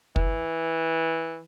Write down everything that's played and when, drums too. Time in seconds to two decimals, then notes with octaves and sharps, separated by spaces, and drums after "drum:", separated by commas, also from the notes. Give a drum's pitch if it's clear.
0.16 E3, drum: kick